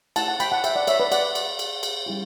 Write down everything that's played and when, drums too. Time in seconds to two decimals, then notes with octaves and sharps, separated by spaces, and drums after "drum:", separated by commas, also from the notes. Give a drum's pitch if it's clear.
0.16 A3 E4 G4 F#5 A5, drum: cymbal
0.28 F#5 A5
0.40 G5 B5, drum: cymbal
0.52 F#5 A5
0.64 E5 G5, drum: cymbal
0.76 D5 F#5
0.87 C#5 E5, drum: cymbal
1.00 B4 D5
1.12 D5 F#5, drum: cymbal
1.35 drum: cymbal
1.59 drum: cymbal
1.83 drum: cymbal
2.06 G3 C#4 E4 G4